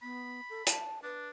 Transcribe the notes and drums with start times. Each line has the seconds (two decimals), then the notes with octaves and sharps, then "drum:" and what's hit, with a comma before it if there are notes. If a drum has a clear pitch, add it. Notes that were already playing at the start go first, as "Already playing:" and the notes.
0.02 B3 B5
0.50 A4
0.67 A5, drum: hi-hat
1.03 D4 B4